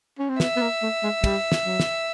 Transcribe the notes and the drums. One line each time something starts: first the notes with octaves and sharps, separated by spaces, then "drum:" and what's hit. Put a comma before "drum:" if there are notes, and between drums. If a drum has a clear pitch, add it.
C#4
C4
B3 E5, drum: snare
B3
A#3
A3
G#3
G3, drum: kick, cymbal
drum: snare
F#3
drum: snare